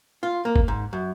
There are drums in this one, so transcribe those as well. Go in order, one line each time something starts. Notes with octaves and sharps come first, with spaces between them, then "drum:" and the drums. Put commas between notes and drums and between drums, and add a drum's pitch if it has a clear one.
F4
A#3
drum: kick G1
G#2
F#2